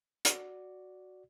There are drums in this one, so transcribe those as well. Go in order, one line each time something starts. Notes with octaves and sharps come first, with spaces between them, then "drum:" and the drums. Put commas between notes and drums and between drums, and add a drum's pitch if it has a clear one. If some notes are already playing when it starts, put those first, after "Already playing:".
F#4 D5, drum: hi-hat